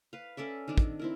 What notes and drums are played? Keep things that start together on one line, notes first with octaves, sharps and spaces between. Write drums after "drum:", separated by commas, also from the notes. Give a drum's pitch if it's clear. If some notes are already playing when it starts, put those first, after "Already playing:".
B4 F5
C#4 A4 D5 E5
D#3 C4 D4 D6
drum: kick
C4 E4 A#4